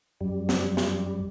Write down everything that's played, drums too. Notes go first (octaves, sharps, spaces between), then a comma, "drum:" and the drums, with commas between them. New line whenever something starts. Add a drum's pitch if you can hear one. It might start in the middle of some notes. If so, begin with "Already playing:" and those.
F#2 G3
drum: snare
drum: snare